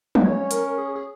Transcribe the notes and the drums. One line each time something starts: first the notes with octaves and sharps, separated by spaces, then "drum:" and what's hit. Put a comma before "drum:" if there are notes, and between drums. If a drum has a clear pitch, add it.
B4, drum: tom
C#4 C#5
A#4, drum: hi-hat
G#4
G#4